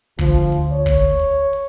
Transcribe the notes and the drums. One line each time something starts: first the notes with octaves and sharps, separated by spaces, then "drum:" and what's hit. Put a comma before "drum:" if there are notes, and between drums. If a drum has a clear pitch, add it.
D2 F3, drum: kick, hi-hat
drum: hi-hat
drum: hi-hat
C#5
drum: kick
drum: hi-hat
drum: hi-hat